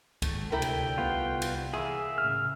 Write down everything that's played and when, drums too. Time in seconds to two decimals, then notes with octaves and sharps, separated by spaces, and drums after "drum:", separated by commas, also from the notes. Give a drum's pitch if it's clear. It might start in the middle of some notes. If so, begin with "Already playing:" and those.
0.22 G#1 A3, drum: kick C#2, cymbal
0.52 D2 C3 E4 A4 A#4 G5
0.62 drum: cymbal
0.98 C2 B3 F4
1.42 drum: cymbal
1.74 E2 A#3 G#4 E5
2.18 A2 C#3 F6